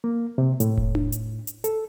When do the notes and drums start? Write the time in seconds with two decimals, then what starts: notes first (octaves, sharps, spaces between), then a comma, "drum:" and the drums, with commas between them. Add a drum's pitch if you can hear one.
0.04 A#3
0.38 C3
0.60 A2, drum: hi-hat
0.78 drum: kick E1
0.95 drum: tom D4
1.12 drum: hi-hat
1.47 drum: hi-hat
1.64 A4, drum: hi-hat